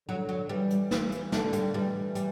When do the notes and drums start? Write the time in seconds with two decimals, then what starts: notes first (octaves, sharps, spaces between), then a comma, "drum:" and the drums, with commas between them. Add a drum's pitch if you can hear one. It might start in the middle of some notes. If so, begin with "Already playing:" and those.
0.08 D3 F#3
0.29 F#3
0.49 E3 G3
0.70 drum: hi-hat
0.91 drum: snare
1.12 drum: hi-hat
1.32 D3 A3, drum: snare
1.53 G3, drum: hi-hat
1.74 E3 G3
2.15 G3, drum: hi-hat